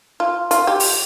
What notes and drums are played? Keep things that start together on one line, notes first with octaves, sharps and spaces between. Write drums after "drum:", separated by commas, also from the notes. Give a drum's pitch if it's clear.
F4
F4, drum: hi-hat
G4
drum: open hi-hat